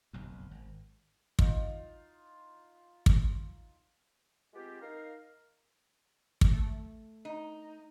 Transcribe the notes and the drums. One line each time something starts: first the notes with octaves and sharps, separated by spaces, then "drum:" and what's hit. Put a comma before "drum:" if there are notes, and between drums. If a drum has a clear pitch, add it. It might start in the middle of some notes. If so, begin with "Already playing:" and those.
F#1 B1 F2
G#1
D#4 F4, drum: kick
drum: kick
G#3 B3 C4 F4 G4
D#4 A#4 F5
drum: kick
A3
D#4